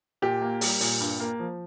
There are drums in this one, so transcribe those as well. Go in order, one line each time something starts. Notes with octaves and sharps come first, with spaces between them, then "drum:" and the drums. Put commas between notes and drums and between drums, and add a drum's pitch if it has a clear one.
A#2 G4
A#3
G3, drum: open hi-hat
A#2, drum: open hi-hat
G2
A#3
F3